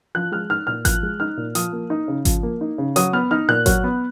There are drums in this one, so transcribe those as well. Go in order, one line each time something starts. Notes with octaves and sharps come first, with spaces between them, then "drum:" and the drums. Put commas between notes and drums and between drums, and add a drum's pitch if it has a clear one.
F3 F#6
G#3 F6
D#4 F6
A#2 F6
F3 F#6, drum: kick G#1, hi-hat
G#3
D#4 F6
A#2
F3 D#6, drum: hi-hat
A#3
D#4
C#3
F3, drum: kick G#1, hi-hat
A#3
D#4
C#3
F#3 D#6, drum: hi-hat
B3 F6
D#4 F6
A#2 F#6
F#3, drum: kick G#1, hi-hat
B3